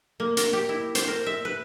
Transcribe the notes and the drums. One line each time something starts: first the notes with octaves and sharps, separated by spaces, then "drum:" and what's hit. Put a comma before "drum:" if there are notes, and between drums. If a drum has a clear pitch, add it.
A#3
A#4, drum: hi-hat
G4
E4
C5, drum: hi-hat
A#4
E5
B4